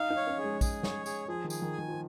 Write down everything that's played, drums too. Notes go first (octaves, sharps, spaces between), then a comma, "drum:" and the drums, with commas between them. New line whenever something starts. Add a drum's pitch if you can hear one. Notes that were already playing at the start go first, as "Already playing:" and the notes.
Already playing: D#4 F5
D#4
C#5
C#4
G#4
G#3
G#4, drum: kick A#1, tambourine
C#5, drum: snare
G#4, drum: tambourine
F3 G#4
D#3
G#4, drum: tambourine
D#3
G#5
D#3
F3